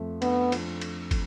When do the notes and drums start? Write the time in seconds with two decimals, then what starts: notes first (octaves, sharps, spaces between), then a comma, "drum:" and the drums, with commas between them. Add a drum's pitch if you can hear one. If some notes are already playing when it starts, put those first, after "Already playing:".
Already playing: F2 F3 A3
0.22 B3 D4, drum: cymbal
0.52 F3, drum: cymbal
0.81 drum: cymbal
1.11 drum: kick, cymbal